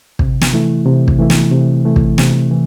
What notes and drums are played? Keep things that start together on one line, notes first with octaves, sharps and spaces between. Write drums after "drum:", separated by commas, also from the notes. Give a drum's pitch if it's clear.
C3, drum: kick
drum: snare
E3 A3 E4
C3
drum: kick
E3 A3 E4
drum: snare
C3
E3 A3 E4
drum: kick
C3, drum: snare
E3